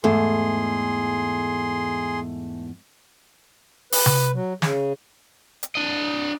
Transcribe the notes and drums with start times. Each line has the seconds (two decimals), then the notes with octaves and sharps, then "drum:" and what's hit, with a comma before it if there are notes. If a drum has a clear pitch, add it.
0.04 E2 G#2 A3 G#4 C6
3.92 B4, drum: open hi-hat
4.06 drum: tom C3
4.34 F#3
4.62 C#3, drum: snare
5.63 drum: hi-hat
5.75 D4 D#5